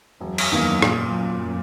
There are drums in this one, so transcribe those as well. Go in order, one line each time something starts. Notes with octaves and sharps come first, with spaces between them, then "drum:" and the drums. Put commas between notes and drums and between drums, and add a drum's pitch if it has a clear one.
E1 F#2
drum: cymbal
E2 D#3 A#3
A#2, drum: rim click